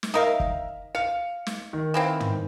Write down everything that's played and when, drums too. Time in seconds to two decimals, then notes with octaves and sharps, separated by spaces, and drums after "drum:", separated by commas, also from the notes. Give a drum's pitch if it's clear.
0.03 drum: snare
0.14 D#4 A#4 E5 F5 A#5
0.40 drum: kick
0.95 F5 C#7
1.46 drum: snare
1.73 D#3
1.94 E3 A#3 C4
2.20 drum: tom